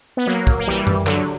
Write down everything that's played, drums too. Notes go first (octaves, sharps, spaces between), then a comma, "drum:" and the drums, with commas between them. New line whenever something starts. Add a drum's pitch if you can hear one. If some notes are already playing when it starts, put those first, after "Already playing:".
B3
F#3 A#3, drum: tambourine
drum: kick, tambourine
A#3
E3 G3, drum: tambourine
drum: tom F#2
D3 F#3, drum: clap